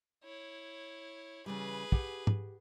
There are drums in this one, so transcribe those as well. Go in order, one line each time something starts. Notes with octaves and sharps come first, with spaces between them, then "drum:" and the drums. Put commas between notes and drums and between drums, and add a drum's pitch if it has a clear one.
E4 C#5
C#3 E3 G3 G#4 B4
G4 F#5, drum: kick
drum: tom G#2